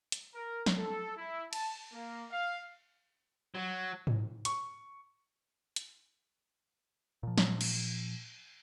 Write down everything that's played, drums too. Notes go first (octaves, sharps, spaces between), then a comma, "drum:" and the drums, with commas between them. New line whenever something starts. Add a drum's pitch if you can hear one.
drum: hi-hat
A#4
drum: snare
A4
E4
A5, drum: cymbal
A#3
F5
F#3
drum: tom G#2
C#6, drum: hi-hat
drum: hi-hat
A#2 F3
drum: snare
drum: cymbal